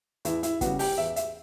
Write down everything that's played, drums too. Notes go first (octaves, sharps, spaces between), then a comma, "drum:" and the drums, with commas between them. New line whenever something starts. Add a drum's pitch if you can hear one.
E2 E4, drum: hi-hat
E4, drum: hi-hat
C#3 G3 B3 F#4, drum: kick, hi-hat
G4, drum: open hi-hat
E2 E5
E5, drum: hi-hat